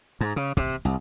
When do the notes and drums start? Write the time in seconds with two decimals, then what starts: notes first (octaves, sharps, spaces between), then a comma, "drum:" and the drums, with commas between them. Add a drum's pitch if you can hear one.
0.21 G#2
0.36 C#3
0.57 C3, drum: kick
0.85 C2